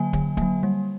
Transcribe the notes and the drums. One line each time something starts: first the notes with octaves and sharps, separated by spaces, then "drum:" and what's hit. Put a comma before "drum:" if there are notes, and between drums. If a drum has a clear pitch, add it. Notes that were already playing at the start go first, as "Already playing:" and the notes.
Already playing: D3 F#3 A#3 G#5
D3, drum: kick D1
F#3 A#3, drum: kick D1
G3